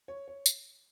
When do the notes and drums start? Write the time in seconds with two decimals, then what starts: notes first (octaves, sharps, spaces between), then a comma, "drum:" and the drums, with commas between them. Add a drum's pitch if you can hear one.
0.08 C#5
0.28 C#5
0.46 drum: tambourine